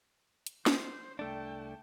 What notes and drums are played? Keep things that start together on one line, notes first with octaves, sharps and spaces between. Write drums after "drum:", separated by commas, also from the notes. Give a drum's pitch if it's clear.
drum: hi-hat
C5, drum: snare
C2 A3 D4 G5 A5